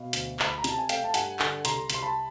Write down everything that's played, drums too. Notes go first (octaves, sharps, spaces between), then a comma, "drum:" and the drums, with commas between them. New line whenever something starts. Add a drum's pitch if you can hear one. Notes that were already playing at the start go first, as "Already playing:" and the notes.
Already playing: B2 F5
D2, drum: hi-hat
D2, drum: clap
B5
A#5
C3 A5, drum: hi-hat
G#5
A3 F5 G5, drum: hi-hat
A5
G2 F#5 G#5, drum: hi-hat
D3 F#5 G#5, drum: clap
C2 A#5 C6, drum: hi-hat
C2 C6, drum: hi-hat
A5 B5